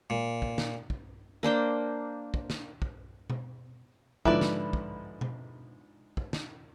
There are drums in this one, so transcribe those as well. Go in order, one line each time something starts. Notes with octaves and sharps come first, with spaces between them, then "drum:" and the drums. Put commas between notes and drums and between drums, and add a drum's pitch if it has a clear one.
A#2
drum: kick
drum: snare
drum: kick
A#3 D4 C5 G5
drum: kick
drum: snare
drum: kick
drum: tom B2
G#2 D3 F3 E4 B4 D5, drum: kick
drum: snare
drum: kick
drum: tom B2
drum: kick
drum: snare